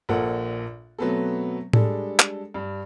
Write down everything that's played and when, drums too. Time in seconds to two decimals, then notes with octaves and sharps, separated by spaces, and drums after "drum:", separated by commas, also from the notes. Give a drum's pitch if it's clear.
0.09 A#1 A#2 A4 A#4 F#5
0.99 B2 F#3 A3 B3 C4 A4
1.73 G3 G#3 D4 A4, drum: tom A2
2.19 drum: clap
2.54 G2